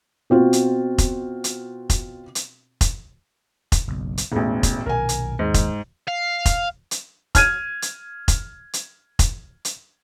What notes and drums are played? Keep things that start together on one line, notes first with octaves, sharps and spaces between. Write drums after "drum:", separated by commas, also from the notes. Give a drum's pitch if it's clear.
B2 C4 F4 F#4
drum: hi-hat
drum: kick F1, hi-hat
drum: hi-hat
drum: kick F1, hi-hat
drum: hi-hat
drum: kick F1, hi-hat
drum: kick F1, hi-hat
F#1 B1
drum: hi-hat
E1 A1 A2 B3
drum: kick F1, hi-hat
B1 A#2 D#3 A#4 G#5
drum: hi-hat
D#2 G#2
drum: kick F1, hi-hat
F5
drum: kick F1, hi-hat
drum: hi-hat
F6 G#6 D#7, drum: kick F1, hi-hat
drum: hi-hat
drum: kick F1, hi-hat
drum: hi-hat
drum: kick F1, hi-hat
drum: hi-hat